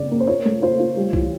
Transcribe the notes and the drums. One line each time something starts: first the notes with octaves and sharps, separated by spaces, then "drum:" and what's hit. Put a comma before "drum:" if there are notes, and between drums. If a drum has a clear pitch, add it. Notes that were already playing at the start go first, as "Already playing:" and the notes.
Already playing: C#3 A#3 C4 D5
A#3
C5
F4 C#5
A3
F4 C5
F4
G3
E3, drum: kick B1